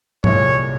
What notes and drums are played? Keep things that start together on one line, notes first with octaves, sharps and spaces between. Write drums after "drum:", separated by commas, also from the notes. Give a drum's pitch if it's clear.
C2 A#2 G#3 C#5, drum: tom G#2